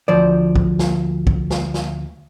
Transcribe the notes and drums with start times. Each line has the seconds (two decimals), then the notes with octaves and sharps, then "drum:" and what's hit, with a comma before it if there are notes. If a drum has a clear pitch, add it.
0.08 D2 F3 C5 D5
0.56 drum: kick
0.79 drum: snare
1.27 drum: kick
1.50 drum: snare
1.74 drum: snare